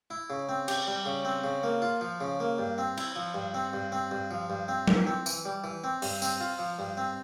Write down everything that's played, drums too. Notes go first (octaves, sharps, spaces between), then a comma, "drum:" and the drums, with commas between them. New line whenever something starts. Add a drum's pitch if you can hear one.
E4
C#3
C4
G4, drum: cymbal
G3
C#3
C4
C#3
A#3
F4
F3
C#3
A#3
G2
C4
E4, drum: cymbal
F3
G2
C4
G2
C4
G2
F3
G2
C4
E3, drum: tom F#3
C4
E3, drum: tambourine
G3
E3
C4
G2, drum: open hi-hat
C4, drum: tambourine
F4
F3
G2
C4